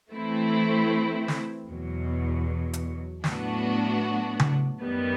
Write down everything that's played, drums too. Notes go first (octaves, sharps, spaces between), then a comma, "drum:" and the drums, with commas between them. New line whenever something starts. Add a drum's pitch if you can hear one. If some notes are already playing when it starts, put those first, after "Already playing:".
E3 A3 C4 E4
drum: snare
E2 B2 F#3
drum: hi-hat
A2 F#3 B3 D4 F#4, drum: snare
drum: tom C#3
F#2 D#3 G3 B3